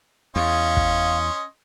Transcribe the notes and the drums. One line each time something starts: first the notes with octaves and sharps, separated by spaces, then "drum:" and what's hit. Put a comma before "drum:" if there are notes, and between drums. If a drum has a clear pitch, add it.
E2 C#4 D#5 F5 C6
drum: kick